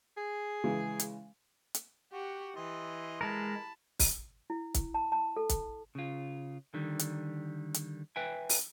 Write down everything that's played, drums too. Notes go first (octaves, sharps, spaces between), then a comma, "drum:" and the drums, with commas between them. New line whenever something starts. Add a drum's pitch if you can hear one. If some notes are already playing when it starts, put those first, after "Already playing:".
G#4
C#3 E3 G#3
drum: hi-hat
drum: hi-hat
F#4 G4 F#5
E3 D#5 C6
G#3 A#4 A5 B5
drum: kick, open hi-hat
E4
drum: kick, hi-hat
A5
A5
A4
drum: kick, hi-hat
C#3 F4
D3 D#3 G3
drum: hi-hat
drum: hi-hat
B4 E5 G5 G#5
drum: open hi-hat